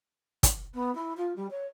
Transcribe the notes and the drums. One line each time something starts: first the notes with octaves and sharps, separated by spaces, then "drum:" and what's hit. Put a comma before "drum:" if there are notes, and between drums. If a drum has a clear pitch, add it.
drum: kick, hi-hat
B3
E4
F4
G3
C#5